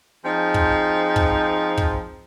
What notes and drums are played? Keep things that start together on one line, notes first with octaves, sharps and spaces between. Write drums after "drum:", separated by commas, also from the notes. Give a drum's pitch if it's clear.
F3 G#3 C4 D#4
drum: kick
drum: kick
drum: kick